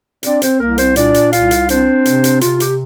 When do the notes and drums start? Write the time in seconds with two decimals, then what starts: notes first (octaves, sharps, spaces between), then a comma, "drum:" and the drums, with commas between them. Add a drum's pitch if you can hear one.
0.23 C4 D4 D5, drum: hi-hat
0.42 C4 C5, drum: hi-hat
0.60 C2 A#3 A#4
0.78 C4 C5, drum: hi-hat
0.96 A#2 D4 D5, drum: hi-hat
1.14 drum: hi-hat
1.33 C2 F4 F5, drum: hi-hat
1.51 drum: hi-hat
1.69 C4 D4 C5, drum: hi-hat
2.05 C3, drum: hi-hat
2.24 drum: hi-hat
2.41 C3 F4, drum: hi-hat
2.60 G4, drum: hi-hat